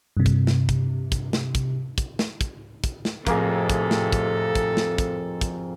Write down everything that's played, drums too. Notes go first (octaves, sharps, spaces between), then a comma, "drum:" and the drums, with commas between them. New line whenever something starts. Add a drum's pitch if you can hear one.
G2 C3
drum: kick, hi-hat
drum: snare
drum: kick, hi-hat
drum: kick, hi-hat
drum: snare
drum: kick, hi-hat
drum: kick, hi-hat
drum: snare
drum: kick, hi-hat
drum: kick, hi-hat
drum: snare
F2 A2 C3 A#3 G#4 A4, drum: kick, hi-hat
drum: kick, hi-hat
drum: snare
drum: kick, hi-hat
drum: kick, hi-hat
drum: snare
drum: kick, hi-hat
drum: kick, hi-hat